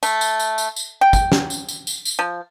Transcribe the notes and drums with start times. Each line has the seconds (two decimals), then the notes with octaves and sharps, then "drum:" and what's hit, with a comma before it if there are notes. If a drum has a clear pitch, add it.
0.03 A3, drum: tambourine
0.21 drum: tambourine
0.39 drum: tambourine
0.58 drum: tambourine
0.76 drum: tambourine
1.01 G5
1.13 drum: kick, tambourine
1.32 drum: snare
1.50 drum: tambourine
1.69 drum: tambourine
1.87 drum: tambourine
2.05 drum: tambourine
2.19 F3